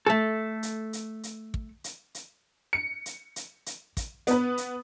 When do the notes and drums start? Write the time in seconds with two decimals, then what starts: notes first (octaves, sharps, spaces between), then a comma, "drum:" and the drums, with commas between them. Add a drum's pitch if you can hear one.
0.06 A3 A4
0.63 drum: hi-hat
0.93 drum: hi-hat
1.23 drum: hi-hat
1.54 drum: kick
1.84 drum: hi-hat
2.15 drum: hi-hat
2.73 C#7
3.06 drum: hi-hat
3.36 drum: hi-hat
3.66 drum: hi-hat
3.97 drum: kick, hi-hat
4.27 B3 B4, drum: hi-hat
4.57 drum: hi-hat